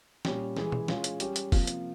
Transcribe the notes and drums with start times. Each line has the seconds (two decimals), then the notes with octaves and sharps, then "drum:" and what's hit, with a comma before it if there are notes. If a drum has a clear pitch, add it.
0.25 A#2 G3 C#4 G4, drum: snare
0.57 E3 G#3 E4 G#4, drum: snare
0.72 drum: tom B2
0.88 G#3 C#4 F4 G#4, drum: snare
1.04 drum: hi-hat
1.20 G3 C#4 G4, drum: hi-hat
1.36 drum: hi-hat
1.52 C3 F3 A#3, drum: kick F1, open hi-hat
1.67 drum: hi-hat